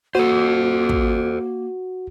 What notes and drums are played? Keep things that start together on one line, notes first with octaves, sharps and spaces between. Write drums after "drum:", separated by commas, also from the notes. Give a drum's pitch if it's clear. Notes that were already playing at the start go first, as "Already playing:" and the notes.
A#3 F#4 A4 C5
drum: kick